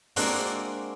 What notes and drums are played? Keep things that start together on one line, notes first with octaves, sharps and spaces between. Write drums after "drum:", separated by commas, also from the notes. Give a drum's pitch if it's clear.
G#3 A#3 C4 D4 F#4, drum: open hi-hat